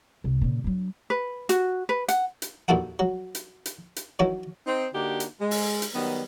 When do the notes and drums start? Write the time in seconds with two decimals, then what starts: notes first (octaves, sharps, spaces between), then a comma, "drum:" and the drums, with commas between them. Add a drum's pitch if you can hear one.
0.24 C2
0.41 A#2 C#3
0.64 F#3 D4
1.10 B4
1.49 F#4, drum: hi-hat
1.89 B4
2.08 F#5, drum: hi-hat
2.42 drum: hi-hat
2.68 D#2 A#2 E4 F#4 A4 F#5
2.99 F#3
3.35 drum: hi-hat
3.66 drum: hi-hat
3.96 drum: hi-hat
4.19 D#3 E3 F#3 C#4
4.67 C4 D#4
4.94 D3 A#3 D4 D#4 F#4 G4
5.20 drum: hi-hat
5.41 G#3
5.51 drum: open hi-hat
5.82 drum: hi-hat
5.94 D#3 F#3 G3 B3